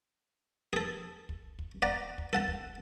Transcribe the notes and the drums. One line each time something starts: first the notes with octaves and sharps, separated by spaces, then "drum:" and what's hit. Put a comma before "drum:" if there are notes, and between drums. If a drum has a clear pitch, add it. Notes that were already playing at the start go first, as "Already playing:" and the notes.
G#4 A4
drum: kick
drum: kick
D5 F#5 A#5
drum: kick
A4 F#5 A5
drum: kick